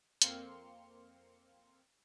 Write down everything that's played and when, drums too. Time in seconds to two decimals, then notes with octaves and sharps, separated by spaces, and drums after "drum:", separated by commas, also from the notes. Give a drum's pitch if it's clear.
0.22 F2 A#3 C4 C6 F6 C#7, drum: hi-hat